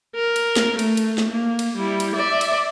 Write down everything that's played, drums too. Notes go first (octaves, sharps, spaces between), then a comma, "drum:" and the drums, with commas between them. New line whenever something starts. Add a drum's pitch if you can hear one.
A#4
drum: cymbal
drum: snare
A3, drum: cymbal
drum: cymbal
drum: snare
A#3
drum: cymbal
G3 E4
drum: cymbal
D5 E5
drum: cymbal